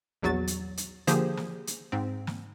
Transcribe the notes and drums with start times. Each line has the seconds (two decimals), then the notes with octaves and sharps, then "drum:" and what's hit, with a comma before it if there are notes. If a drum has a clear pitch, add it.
0.22 A#1 E2 F#3 F#4 A6
0.47 drum: hi-hat
0.77 drum: hi-hat
1.07 D3 F3 A#3 G4 G#4 C5, drum: hi-hat
1.37 drum: snare
1.67 drum: hi-hat
1.92 G#2 C4
2.27 drum: snare